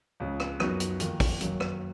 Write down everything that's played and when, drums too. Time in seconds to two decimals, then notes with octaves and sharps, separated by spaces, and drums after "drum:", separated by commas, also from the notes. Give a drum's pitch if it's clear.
0.20 C#2 C#3 F3
0.40 drum: rim click
0.60 F#2 F3 B3 D#4 F#4, drum: rim click
0.80 drum: hi-hat
1.00 F2 D#3 A#3, drum: hi-hat
1.20 drum: kick, open hi-hat
1.41 F#2 D#3 F#3 A#3, drum: hi-hat
1.60 drum: rim click